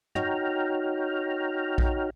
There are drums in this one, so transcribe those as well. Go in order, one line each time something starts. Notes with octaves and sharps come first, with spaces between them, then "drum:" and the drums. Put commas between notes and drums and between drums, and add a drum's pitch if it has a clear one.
D#4 F#4 C#5 G5 A#5 F6, drum: tom
drum: kick A#1